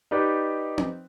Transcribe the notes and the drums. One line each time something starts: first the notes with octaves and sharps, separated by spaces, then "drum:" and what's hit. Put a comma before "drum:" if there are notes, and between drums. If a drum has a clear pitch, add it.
D#4 G4 B4 D5
drum: tom C4